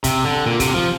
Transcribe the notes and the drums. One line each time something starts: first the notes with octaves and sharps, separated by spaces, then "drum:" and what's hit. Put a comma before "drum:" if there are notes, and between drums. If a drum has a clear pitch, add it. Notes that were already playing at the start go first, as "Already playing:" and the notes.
C3, drum: kick, hi-hat
D3
A#2
C3, drum: kick, hi-hat
F3